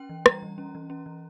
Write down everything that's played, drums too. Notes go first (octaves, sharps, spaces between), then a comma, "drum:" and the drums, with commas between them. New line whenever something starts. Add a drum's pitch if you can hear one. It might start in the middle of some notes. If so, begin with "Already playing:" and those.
Already playing: C#4 G5
E3
G3 A#5, drum: rim click
E3
C#4
E3
C#4
E3